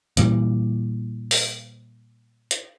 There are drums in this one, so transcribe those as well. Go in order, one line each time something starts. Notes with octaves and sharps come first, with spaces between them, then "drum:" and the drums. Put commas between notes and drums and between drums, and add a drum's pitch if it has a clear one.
A#2 E3 G3, drum: hi-hat
drum: open hi-hat
drum: hi-hat